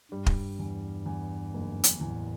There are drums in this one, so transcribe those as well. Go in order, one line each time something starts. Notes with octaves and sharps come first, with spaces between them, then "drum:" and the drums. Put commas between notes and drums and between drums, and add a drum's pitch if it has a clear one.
G2 G3
drum: kick
E2
E2
F#1
drum: hi-hat
E2 A2